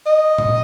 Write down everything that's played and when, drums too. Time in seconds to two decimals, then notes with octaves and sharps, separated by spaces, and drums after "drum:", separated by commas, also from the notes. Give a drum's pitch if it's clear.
0.06 D#5
0.38 drum: tom A#2